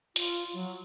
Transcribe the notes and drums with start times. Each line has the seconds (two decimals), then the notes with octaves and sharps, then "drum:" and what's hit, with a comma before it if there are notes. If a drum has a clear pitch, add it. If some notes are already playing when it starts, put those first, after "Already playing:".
0.16 F4, drum: hi-hat
0.54 F#3